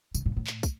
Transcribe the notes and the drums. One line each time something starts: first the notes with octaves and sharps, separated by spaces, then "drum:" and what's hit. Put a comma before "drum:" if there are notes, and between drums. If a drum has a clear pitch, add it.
B2, drum: tambourine
A#2
A2
drum: clap
drum: kick, tambourine